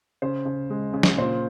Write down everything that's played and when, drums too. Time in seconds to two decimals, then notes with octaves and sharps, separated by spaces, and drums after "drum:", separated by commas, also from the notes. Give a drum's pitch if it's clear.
0.22 C#3 C5
0.45 C#3
0.70 G#3
0.93 C#3
1.03 drum: snare
1.18 A#2 C5